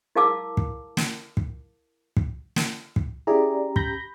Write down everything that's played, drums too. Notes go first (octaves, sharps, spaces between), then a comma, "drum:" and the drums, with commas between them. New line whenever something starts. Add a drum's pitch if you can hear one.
E4 A#4 F5 A5 D6 E6
drum: kick
drum: snare
drum: kick
drum: kick
drum: snare
drum: kick
C#4 E4 G4 G#4 D5 A#5
B5 G6 A#6, drum: kick